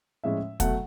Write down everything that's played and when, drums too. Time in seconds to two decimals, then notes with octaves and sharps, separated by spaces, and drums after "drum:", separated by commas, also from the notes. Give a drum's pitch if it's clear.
0.24 A2 F3 G#3 C#4 E4 E5
0.60 B2 F#3 A3 F#5, drum: kick, hi-hat